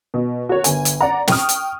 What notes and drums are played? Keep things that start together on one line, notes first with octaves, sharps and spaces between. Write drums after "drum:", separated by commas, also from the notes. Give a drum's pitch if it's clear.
B2
F#4 A#4 C#5
G1 G#5, drum: hi-hat
drum: hi-hat
D5 F#5 A#5
G5 C#6 D#6 F6, drum: snare
drum: hi-hat